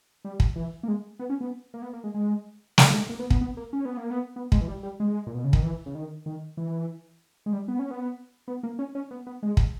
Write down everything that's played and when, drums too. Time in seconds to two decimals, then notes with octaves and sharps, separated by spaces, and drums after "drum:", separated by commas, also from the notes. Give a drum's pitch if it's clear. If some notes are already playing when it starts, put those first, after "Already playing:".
0.25 G3
0.40 drum: kick
0.56 E3
0.83 A#3
0.88 G#3
1.19 B3
1.30 C#4
1.41 B3
1.74 A#3
1.82 B3
1.93 A#3
2.04 G#3
2.14 G#3
2.78 B3, drum: snare
2.94 G#3
3.09 A#3
3.19 B3
3.30 B3, drum: kick
3.41 B3
3.57 A#3
3.73 C#4
3.85 B3
3.97 A#3
4.10 B3
4.36 B3
4.52 G#3, drum: kick
4.61 E3
4.68 G3
4.83 G3
5.00 G#3
5.27 A#2
5.35 B2
5.44 C#3
5.53 D#3, drum: kick
5.63 E3
5.86 C#3
5.95 D#3
6.26 D#3
6.57 E3
7.46 G#3
7.53 G3
7.68 B3
7.79 C#4
7.91 B3
8.48 B3
8.63 A#3
8.79 C#4
8.95 C#4
9.11 B3
9.27 B3
9.43 G#3
9.57 drum: kick